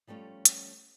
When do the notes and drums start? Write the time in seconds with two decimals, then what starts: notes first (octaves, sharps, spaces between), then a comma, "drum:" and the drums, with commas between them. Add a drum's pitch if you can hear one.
0.07 F3 G3 A3 C#4 F4
0.45 drum: hi-hat